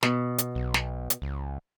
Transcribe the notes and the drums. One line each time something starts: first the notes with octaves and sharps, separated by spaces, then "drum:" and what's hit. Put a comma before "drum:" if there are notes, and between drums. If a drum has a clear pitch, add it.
B2, drum: snare
drum: hi-hat
B1
drum: snare
drum: hi-hat
C#2